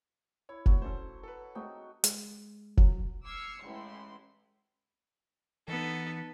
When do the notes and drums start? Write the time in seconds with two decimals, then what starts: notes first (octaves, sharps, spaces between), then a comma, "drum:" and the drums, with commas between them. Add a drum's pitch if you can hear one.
0.49 E4 C#5
0.66 F#3 A#3, drum: kick F1
0.82 A3 C#4 A4 C5
1.23 A4 B4
1.55 G#3 A3 C4 D#4 F#4 A4 G5
2.04 G#3, drum: hi-hat
2.77 F#3, drum: kick F1
3.25 D6 E6 F6 G#6 C7 C#7
3.64 A1 G#3 E4 C6
5.68 E3 B3 D#4 A4